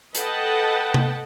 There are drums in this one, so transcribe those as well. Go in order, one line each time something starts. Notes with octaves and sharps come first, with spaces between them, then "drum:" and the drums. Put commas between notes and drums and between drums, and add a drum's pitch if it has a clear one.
A4 B4 D#5 F#5 G5 A5, drum: hi-hat
drum: tom C3